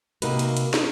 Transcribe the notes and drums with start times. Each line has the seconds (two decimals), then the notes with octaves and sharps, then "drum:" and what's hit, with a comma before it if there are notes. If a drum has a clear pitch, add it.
0.22 C3 A#3 D#4 F#4 B4, drum: hi-hat
0.39 drum: hi-hat
0.57 drum: hi-hat
0.74 drum: snare